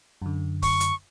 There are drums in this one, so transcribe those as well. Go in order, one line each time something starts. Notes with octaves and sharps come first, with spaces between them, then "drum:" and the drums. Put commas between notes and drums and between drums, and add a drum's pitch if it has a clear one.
F#2 D3
C#6, drum: kick, open hi-hat
drum: hi-hat